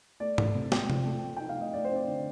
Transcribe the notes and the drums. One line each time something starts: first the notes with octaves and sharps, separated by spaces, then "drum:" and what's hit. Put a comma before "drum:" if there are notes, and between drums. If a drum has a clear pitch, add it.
A3 D5
A3, drum: tom G#2
C3
A3 G5, drum: snare
F3, drum: tom C3
A3
A3
D#4 G5
F5
A3 D#5
A3 D5
C5
C4
D5
D3